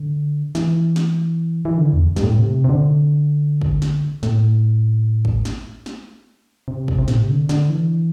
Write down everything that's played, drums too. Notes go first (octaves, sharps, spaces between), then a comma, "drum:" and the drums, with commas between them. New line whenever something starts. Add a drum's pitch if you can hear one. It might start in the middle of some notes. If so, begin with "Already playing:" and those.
Already playing: D3
E3, drum: snare
drum: snare
E3
D3
E2
G2, drum: snare
A2
C3
C3
D3
drum: kick
drum: snare
A2, drum: snare
drum: kick
drum: snare
drum: snare
C3
drum: kick
C3
A2, drum: snare
C3
D3
D3, drum: snare
E3